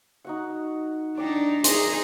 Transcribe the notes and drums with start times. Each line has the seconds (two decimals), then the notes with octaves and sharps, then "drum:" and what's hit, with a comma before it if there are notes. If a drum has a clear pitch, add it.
0.25 D#4 F#4 F#5
1.18 D4 D#4 D5 G5
1.64 D#4 G#4 C6, drum: hi-hat